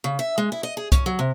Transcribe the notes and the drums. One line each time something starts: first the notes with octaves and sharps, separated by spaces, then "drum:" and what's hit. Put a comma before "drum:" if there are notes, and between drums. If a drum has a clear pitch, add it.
C#3
E5
G#3
E4
D#5
G#4
C#4, drum: kick C2, hi-hat
F#3
C3